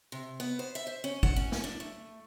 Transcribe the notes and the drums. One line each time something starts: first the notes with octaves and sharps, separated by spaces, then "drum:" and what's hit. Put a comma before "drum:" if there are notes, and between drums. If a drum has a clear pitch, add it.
C3
B3
C5
E5
C5
C#4
F#5, drum: kick
C#4
drum: snare
D4
A3